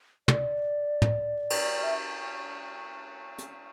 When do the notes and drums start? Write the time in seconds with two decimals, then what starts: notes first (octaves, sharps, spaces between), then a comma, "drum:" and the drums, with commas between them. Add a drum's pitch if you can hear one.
0.28 D5, drum: tom
1.02 drum: tom
1.50 drum: cymbal
1.83 E5
3.38 drum: hi-hat